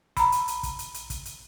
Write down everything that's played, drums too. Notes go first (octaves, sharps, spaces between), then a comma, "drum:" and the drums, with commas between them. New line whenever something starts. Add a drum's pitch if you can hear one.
A#5 B5, drum: kick, hi-hat
drum: hi-hat
drum: hi-hat
drum: kick, hi-hat
drum: hi-hat
drum: hi-hat
drum: kick, hi-hat
drum: hi-hat